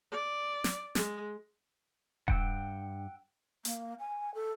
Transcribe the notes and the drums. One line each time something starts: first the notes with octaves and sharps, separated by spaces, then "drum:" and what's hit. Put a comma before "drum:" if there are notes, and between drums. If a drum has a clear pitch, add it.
D5
drum: snare
G#3, drum: snare
G2 F#5 G5 E6, drum: kick D#1
A#3, drum: hi-hat
G#5
A4